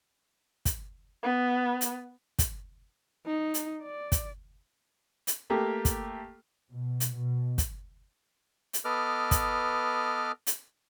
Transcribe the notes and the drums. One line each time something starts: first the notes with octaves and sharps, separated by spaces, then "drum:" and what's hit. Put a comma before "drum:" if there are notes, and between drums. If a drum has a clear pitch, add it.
drum: kick, hi-hat
B3
drum: hi-hat
drum: kick, hi-hat
D#4
drum: hi-hat
D5
drum: kick, hi-hat
drum: hi-hat
A3 A#3 G4
drum: kick, hi-hat
B2
drum: hi-hat
B2
drum: kick, hi-hat
drum: hi-hat
B3 A4 B4 D#5 D6 F6
drum: kick, hi-hat
drum: hi-hat